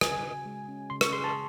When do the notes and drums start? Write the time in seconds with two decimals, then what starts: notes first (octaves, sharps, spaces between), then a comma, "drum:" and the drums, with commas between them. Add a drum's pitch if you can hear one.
0.01 C#3 G#5, drum: rim click
0.23 F#4
0.45 G#3
0.68 C#4
0.90 C#3 C6
1.01 C#6, drum: rim click
1.13 G#4 C6
1.24 A5